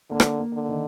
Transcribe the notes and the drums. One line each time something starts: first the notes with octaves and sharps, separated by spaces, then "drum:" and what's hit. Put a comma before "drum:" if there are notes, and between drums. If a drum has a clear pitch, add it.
D3 A#3
drum: rim click
A#3
D3
D#3